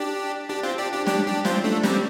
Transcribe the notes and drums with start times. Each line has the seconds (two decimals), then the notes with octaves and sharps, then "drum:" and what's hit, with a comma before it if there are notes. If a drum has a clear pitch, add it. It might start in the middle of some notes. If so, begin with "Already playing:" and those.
Already playing: D4 G4
0.49 D4 G4
0.63 C4 F4
0.78 D4 G4
0.92 D4 G4
1.07 D4 G4, drum: snare
1.27 D4 G4
1.45 C4 F4, drum: snare
1.64 A3 D4
1.83 G3 C4, drum: snare